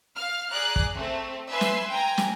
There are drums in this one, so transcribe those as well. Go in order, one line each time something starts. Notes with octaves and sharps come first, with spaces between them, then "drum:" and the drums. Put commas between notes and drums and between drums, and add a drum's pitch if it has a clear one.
F5 F6
G#4 D5 A#5 F#6
drum: kick
A3 C4
B4 E5 G#5 C6
drum: snare
G5 G#5 A#5
drum: snare